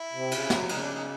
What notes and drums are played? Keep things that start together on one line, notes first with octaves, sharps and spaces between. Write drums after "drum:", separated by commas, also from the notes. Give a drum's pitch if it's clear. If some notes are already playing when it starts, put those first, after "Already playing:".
Already playing: E4
C3
C#3, drum: cymbal
F#3, drum: snare
C#3 D#4, drum: cymbal
D4
D#4